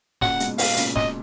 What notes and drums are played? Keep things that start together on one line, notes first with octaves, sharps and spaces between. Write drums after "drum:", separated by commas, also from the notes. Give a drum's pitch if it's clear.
A#2 C#3 F#5, drum: snare
G#2 B2, drum: hi-hat
G#2 B2 F5, drum: open hi-hat
A#2 C#3, drum: hi-hat
D#5, drum: snare